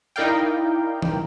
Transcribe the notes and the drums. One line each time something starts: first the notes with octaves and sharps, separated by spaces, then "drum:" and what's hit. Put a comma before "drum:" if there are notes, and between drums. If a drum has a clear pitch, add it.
D#4 E4 A#4 D5 F5 G5
drum: tom D#3